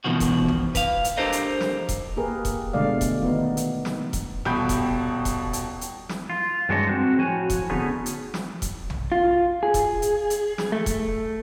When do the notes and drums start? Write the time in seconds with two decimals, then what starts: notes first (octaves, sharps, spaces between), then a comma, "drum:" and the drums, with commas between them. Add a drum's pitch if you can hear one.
0.04 E2 B2 D#3 F3 F#4
0.20 drum: kick E1, hi-hat
0.48 drum: tom A#1
0.75 B4 F5, drum: kick E1, hi-hat
1.04 drum: hi-hat
1.17 D4 G4 A4 A#4 C5 D#5
1.32 drum: hi-hat
1.61 drum: snare
1.89 drum: kick E1, hi-hat
2.17 A#3 G4 G#4 A#4 B4
2.45 drum: kick E1, hi-hat
2.73 B2 D3 G#3 A3 D5 F5
3.01 drum: kick E1, hi-hat
3.22 D#3 B3 D#4
3.57 drum: hi-hat
3.85 drum: snare
4.13 drum: kick E1, hi-hat
4.45 D#1 B2 G5 B5 G6
4.69 drum: kick E1, hi-hat
5.25 drum: kick E1, hi-hat
5.53 drum: hi-hat
5.81 drum: hi-hat
6.09 drum: snare
6.30 F4
6.69 G2 F#3 G#3 D4 C#5 D#5
6.87 C4 F#4 C5
7.18 A2 F3 F#4 C#5 G#5
7.50 drum: kick E1, hi-hat
7.70 D3 A3 B3 C#4 D#4 G#4
8.06 drum: hi-hat
8.34 drum: snare
8.62 drum: kick E1, hi-hat
8.90 drum: tom A#1
9.12 F4
9.63 G#4
9.74 drum: kick E1, hi-hat
10.02 drum: hi-hat
10.30 drum: hi-hat
10.58 drum: snare
10.72 A3
10.86 drum: kick E1, hi-hat